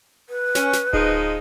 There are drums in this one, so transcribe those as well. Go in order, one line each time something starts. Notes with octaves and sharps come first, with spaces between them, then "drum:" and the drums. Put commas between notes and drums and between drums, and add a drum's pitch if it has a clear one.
B4
C#4, drum: snare
drum: snare
F3 G#3 D#4, drum: kick D1